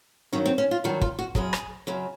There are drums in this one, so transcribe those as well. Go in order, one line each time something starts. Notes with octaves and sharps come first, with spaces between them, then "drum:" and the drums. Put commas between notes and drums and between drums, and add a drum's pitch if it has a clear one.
G2 D#3 F#3 C#4
C4
C#4
F4
G2 D#3 F#3 F#4
F4, drum: kick
F#4
F#2 C#3 F#3 G#4, drum: kick
drum: rim click
F#2 C#3 F#3